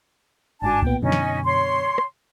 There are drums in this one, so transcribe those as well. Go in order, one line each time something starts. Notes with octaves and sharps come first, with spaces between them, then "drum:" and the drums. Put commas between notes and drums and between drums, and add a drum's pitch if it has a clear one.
G1 G#2 D4 F#4 G#5 A5
B1 A#2 B3 G5, drum: kick C#2
F#2 B2 D3 C#4 D#4
drum: snare
C#5 C6
drum: rim click